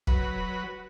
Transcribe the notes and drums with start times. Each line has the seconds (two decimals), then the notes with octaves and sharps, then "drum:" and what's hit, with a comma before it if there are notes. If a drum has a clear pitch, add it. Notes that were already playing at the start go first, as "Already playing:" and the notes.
0.07 F#3 B4, drum: kick